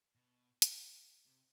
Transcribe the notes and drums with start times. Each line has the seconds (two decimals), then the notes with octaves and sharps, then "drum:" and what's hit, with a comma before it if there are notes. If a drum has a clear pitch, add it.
0.15 B2
0.62 drum: hi-hat
1.26 C3